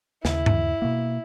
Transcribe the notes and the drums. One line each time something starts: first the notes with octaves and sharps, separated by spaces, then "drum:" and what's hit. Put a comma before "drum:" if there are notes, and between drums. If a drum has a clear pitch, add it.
D#2 C#3 E4, drum: snare
drum: tom G2
B2 A#3